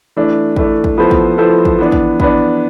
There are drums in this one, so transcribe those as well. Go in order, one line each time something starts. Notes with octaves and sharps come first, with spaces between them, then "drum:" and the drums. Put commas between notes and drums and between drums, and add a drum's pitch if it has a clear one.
E3 A3 D4
E3 A3 D4, drum: kick
drum: kick
F3 B3 E4 A4 C5
drum: kick
F3 B3 E4 A4 C5
drum: kick
E3 B3 D4
drum: kick
E3 B3 D4, drum: kick